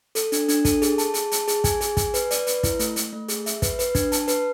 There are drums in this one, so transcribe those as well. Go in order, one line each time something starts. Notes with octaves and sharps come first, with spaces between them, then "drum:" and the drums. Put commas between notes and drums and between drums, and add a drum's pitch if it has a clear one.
A4, drum: hi-hat
D4, drum: hi-hat
D4, drum: hi-hat
A4, drum: kick, hi-hat
G#4, drum: hi-hat
A5, drum: hi-hat
G#4, drum: hi-hat
A5, drum: hi-hat
G#4, drum: hi-hat
G#5, drum: kick, hi-hat
G#4, drum: hi-hat
G#5, drum: kick, hi-hat
B4, drum: hi-hat
D5, drum: hi-hat
B4, drum: hi-hat
E4, drum: kick, hi-hat
A3, drum: hi-hat
A3, drum: hi-hat
A3
G#4, drum: hi-hat
E5, drum: hi-hat
B4, drum: kick, hi-hat
B4, drum: hi-hat
D4, drum: kick, hi-hat
A5, drum: hi-hat
B4, drum: hi-hat